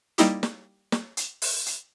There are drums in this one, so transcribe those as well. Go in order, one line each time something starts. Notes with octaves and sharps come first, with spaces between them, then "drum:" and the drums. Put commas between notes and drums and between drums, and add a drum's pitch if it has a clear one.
G3 A#3 D#4 E4 G4, drum: hi-hat
drum: snare
drum: snare
drum: hi-hat
drum: open hi-hat
drum: hi-hat